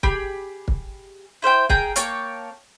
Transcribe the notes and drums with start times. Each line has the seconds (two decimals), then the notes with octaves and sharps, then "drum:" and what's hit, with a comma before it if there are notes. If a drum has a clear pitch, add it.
0.03 G4 G#4 B5, drum: kick
0.68 drum: kick
1.42 E4 C5 F5 G5
1.70 G#4 A#4 G5 A#5, drum: kick
1.96 A#3 C#5 G5 A5, drum: hi-hat